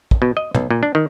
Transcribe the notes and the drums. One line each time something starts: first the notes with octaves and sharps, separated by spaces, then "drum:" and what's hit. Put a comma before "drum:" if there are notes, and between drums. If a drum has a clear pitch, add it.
drum: kick
B2
D#5
B1, drum: tom
A#2
D4
D#3